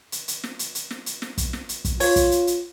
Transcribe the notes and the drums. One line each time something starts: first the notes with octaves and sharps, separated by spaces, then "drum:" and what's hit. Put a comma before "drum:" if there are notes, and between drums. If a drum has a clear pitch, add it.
drum: hi-hat
drum: hi-hat
drum: snare
drum: hi-hat
drum: hi-hat
drum: snare
drum: hi-hat
drum: snare
drum: kick, hi-hat
drum: snare
drum: hi-hat
drum: kick, hi-hat
F4 C#5, drum: open hi-hat
drum: kick, hi-hat
drum: hi-hat
drum: hi-hat